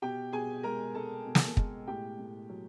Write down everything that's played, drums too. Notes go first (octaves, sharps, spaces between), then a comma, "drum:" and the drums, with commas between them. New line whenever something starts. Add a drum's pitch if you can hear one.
B2 G4 G5
B2 G#4 G#5
G#3 A#4 A#5
G#3 A4 A5
B2
drum: snare
G#3, drum: kick
A2 G4 G5
A2
F#3